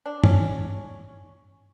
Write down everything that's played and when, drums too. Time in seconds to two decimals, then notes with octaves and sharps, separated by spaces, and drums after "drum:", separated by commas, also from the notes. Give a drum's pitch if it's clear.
0.06 D4
0.24 C#4, drum: tom